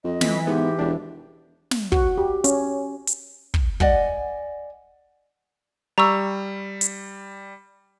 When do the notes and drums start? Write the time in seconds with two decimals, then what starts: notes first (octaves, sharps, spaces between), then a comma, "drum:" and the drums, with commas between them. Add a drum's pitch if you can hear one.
0.04 F2 D#5
0.21 E3 B6, drum: snare
0.47 G#2 B3 G4
0.79 E1 D4
1.71 drum: snare
1.92 F#4, drum: kick
2.18 G4
2.44 C#4, drum: hi-hat
3.07 drum: hi-hat
3.54 drum: kick
3.80 D5 D#5 F#5 G#5, drum: kick
5.98 G3 A#5 C#6 E6
6.81 drum: hi-hat